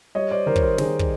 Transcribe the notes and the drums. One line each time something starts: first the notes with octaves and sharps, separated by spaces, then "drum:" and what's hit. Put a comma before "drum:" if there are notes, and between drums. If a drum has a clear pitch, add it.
G3 C#5 D#5
C5 D5
D#3 A#4 C5
C#5, drum: kick
A#4 C5
D#3 G#4 A#4, drum: snare
drum: kick